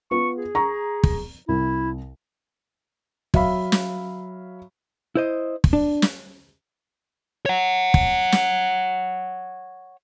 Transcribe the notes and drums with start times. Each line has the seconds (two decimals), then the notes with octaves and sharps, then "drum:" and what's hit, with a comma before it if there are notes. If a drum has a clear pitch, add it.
0.11 B3 F4 C#6
0.37 G#4
0.55 A#5 C#6
1.04 drum: kick
1.49 C2 E4
3.34 F#3 E5 F5 B5, drum: kick
3.72 drum: snare
5.15 E4 C5 D#5
5.64 drum: kick
5.73 D4
6.02 drum: snare
7.46 C#5 F#5
7.94 drum: kick
8.32 drum: snare